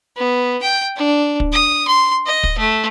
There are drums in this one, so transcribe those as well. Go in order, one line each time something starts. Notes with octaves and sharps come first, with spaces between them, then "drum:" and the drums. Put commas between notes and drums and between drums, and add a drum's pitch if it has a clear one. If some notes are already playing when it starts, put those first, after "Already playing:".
B3
G5
D4
drum: kick
D#6
C6
D#5
drum: kick
A3